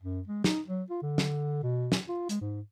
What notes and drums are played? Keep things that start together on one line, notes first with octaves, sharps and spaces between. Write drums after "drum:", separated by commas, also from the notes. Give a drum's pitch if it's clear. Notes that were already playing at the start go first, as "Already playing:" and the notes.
F#2
G#3
D#4, drum: snare
F#3
F4
D3
drum: snare
B2
drum: snare
F4
G#3, drum: hi-hat
G#2